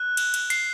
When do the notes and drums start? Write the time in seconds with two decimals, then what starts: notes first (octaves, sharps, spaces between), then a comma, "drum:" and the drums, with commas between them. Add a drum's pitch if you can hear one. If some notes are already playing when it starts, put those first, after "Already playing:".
Already playing: F#6
0.17 drum: cymbal
0.34 drum: cymbal
0.50 C7, drum: cymbal